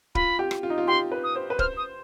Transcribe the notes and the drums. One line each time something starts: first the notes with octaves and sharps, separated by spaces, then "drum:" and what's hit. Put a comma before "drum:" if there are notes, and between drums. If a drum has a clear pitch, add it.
F4 B5, drum: kick
G4
drum: rim click
F4
D#4
F4
G4 C6
B4
D#6
C5
B4
C5 F6, drum: kick
D#6